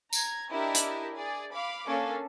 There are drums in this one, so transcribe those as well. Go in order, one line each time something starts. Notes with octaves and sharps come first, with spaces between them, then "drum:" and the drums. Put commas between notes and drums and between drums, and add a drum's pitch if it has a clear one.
A#5 G#6, drum: tambourine
D4 E4 G4 A#4 D#5 E5
drum: hi-hat
G#4 D5
F5 B5 D6
A#3 C#4 D4 A4 F5